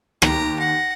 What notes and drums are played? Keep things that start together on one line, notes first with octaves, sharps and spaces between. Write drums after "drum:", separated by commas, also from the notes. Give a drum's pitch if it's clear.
D#2 G4 A#5, drum: rim click
F#5 A#6